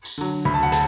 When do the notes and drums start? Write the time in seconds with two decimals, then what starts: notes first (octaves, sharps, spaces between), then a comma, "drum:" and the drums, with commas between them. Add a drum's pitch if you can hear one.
0.05 drum: tambourine
0.18 D3 F#3
0.45 D2 B5
0.54 A5
0.63 F#5
0.72 A5, drum: hi-hat